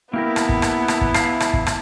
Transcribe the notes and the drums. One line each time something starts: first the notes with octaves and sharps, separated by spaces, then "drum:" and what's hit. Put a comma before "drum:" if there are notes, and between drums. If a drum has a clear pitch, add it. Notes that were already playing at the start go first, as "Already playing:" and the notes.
A#3 B3 E4 G4 A#4
drum: rim click
drum: kick
drum: rim click
drum: rim click
drum: kick
E5 F5, drum: rim click
drum: rim click
drum: kick
drum: rim click